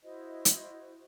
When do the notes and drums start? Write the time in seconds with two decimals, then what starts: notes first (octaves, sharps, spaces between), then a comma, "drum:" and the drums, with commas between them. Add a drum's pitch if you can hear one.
0.03 E4 F#4 C5 D#5
0.45 drum: hi-hat